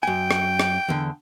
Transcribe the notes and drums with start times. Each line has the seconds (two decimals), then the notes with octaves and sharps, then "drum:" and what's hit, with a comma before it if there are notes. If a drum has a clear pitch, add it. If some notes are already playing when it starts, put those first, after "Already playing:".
0.03 F#2 G5 G#5
0.31 drum: rim click
0.60 drum: rim click
0.88 E2 D3